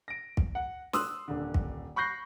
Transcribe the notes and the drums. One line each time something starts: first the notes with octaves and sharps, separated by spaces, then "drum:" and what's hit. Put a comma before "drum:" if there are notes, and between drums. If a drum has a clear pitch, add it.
A#6 D7
drum: kick
F#5
C6 D#6 E6 F#6, drum: snare
D#1 D3
drum: kick
B5 C#6 F#6 G6 A#6 C7